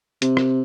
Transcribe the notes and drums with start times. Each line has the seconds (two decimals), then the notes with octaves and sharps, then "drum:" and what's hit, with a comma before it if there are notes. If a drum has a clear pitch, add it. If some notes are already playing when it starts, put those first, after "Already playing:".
0.22 C3, drum: hi-hat
0.37 drum: rim click